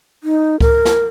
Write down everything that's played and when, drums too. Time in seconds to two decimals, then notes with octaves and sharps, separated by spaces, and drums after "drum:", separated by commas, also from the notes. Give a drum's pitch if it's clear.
0.24 D#4
0.61 A#4, drum: kick C#2
0.85 drum: snare